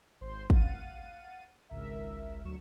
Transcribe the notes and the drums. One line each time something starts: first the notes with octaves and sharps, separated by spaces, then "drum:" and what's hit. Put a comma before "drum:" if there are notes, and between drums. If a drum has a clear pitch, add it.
G#1 C5 C6
F5 F#5 A6 D#7, drum: kick
G#1 C#2 A#4 E5
D2 F#3 C#6 E7